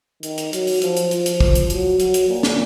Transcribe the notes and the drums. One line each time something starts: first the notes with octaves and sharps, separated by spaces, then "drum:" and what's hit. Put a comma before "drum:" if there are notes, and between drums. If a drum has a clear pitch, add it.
D#3, drum: hi-hat
drum: hi-hat
F#3, drum: hi-hat
drum: open hi-hat
F3, drum: hi-hat
drum: hi-hat
F3, drum: hi-hat
drum: hi-hat
drum: kick
drum: hi-hat
F#3, drum: hi-hat
F#3, drum: hi-hat
drum: hi-hat
A#2
drum: snare